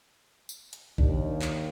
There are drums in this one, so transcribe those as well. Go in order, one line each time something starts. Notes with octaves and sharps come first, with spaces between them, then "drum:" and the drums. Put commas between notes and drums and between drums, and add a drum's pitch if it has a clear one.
drum: tambourine
drum: hi-hat
D#2 D4, drum: kick A#1
drum: clap